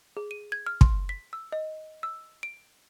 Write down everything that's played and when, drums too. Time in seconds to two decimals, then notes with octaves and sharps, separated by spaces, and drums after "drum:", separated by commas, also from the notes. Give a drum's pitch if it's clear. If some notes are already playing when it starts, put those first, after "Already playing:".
0.17 G#4
0.31 D#7
0.52 G#6
0.67 F6
0.81 C6, drum: kick
1.09 B6
1.33 E6
1.52 D#5
2.03 E6
2.43 D7